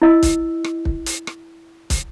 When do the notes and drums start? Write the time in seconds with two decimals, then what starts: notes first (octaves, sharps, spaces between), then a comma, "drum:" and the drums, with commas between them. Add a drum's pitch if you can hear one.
0.02 E4 D#5 E6
0.23 drum: kick, hi-hat
0.64 drum: rim click
0.85 drum: kick
1.06 drum: hi-hat
1.27 drum: rim click
1.90 drum: kick, hi-hat